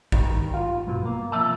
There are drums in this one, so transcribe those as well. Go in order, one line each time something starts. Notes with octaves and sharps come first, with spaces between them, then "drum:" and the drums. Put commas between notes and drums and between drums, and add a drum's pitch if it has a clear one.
D#3 G3, drum: kick A1
F4
G2 B2
A#3
C2 F3 E5 A5